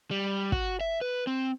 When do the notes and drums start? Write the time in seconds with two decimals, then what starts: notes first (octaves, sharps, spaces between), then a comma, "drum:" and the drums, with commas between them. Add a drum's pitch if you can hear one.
0.11 G3
0.52 F#4, drum: kick
0.81 E5
1.01 B4
1.27 C4